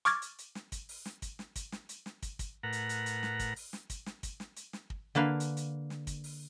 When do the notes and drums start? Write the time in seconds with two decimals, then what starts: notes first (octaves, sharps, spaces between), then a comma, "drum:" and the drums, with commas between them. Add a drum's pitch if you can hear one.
0.05 C#6 D6 F6 G#6 A6, drum: hi-hat
0.22 drum: hi-hat
0.39 drum: hi-hat
0.55 drum: snare
0.72 drum: kick, hi-hat
0.89 drum: open hi-hat
1.05 drum: snare
1.22 drum: kick, hi-hat
1.39 drum: snare
1.56 drum: kick, hi-hat
1.72 drum: snare
1.89 drum: hi-hat
2.06 drum: snare
2.23 drum: kick, hi-hat
2.39 drum: kick, hi-hat
2.63 A2 A#4 B4 F#5 A#5
2.73 drum: hi-hat
2.89 drum: hi-hat
3.06 drum: hi-hat
3.23 drum: snare
3.40 drum: kick, hi-hat
3.56 drum: open hi-hat
3.73 drum: snare
3.90 drum: kick, hi-hat
4.06 drum: snare
4.23 drum: kick, hi-hat
4.40 drum: snare
4.57 drum: hi-hat
4.73 drum: snare
4.90 drum: kick
5.15 D3 A#3 B4 F5
5.40 drum: hi-hat
5.57 drum: hi-hat
5.90 drum: snare
6.07 drum: kick, hi-hat
6.24 drum: open hi-hat